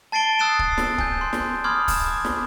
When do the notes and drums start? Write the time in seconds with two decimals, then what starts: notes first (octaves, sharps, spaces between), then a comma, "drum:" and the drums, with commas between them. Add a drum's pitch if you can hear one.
0.12 A5 A6 C7 D7 G7
0.39 D#6 E6 F#6 A6 C7 E7
0.59 drum: kick
0.78 drum: snare
0.98 G#5 G6, drum: kick
1.21 C6
1.33 drum: snare
1.64 B5 C6 D6 D#6 F6 G#6
1.88 drum: kick, open hi-hat
2.06 D6
2.25 drum: snare